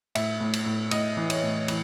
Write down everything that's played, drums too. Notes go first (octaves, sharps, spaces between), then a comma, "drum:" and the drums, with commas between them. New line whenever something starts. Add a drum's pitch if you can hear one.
A2 E5, drum: cymbal
A2
drum: cymbal
A2
A2 D#5, drum: cymbal
E3
C#5, drum: cymbal
A2
E3, drum: cymbal